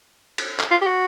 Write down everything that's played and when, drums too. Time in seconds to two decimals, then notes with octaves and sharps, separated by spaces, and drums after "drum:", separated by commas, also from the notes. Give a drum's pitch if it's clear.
0.38 drum: cymbal
0.60 drum: clap
0.71 F4
0.81 G4
0.86 F#4